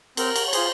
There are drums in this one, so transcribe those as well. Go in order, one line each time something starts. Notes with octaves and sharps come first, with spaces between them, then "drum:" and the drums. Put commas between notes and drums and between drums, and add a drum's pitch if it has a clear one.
C4 A#4, drum: cymbal
drum: cymbal
C#5
F4 G#4 C5, drum: cymbal